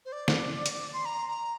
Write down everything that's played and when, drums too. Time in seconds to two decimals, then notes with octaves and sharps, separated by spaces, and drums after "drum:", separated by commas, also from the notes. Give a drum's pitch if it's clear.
0.05 C5
0.12 D5
0.28 drum: snare
0.66 drum: hi-hat
0.93 C6
1.05 A#5
1.29 A#5